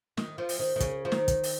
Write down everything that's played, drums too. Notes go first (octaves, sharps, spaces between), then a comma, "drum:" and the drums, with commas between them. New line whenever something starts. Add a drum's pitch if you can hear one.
D#3, drum: snare
F3
drum: open hi-hat
D#3
D#3
C#3, drum: kick, hi-hat
F3
D#3, drum: snare
drum: kick, hi-hat
drum: open hi-hat